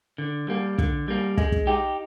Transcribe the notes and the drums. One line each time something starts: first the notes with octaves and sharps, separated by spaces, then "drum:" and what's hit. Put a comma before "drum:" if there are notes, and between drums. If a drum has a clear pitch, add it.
D3
G3 A#3
D3, drum: kick
G3 A#3
G#3, drum: kick
drum: kick
D#4 G4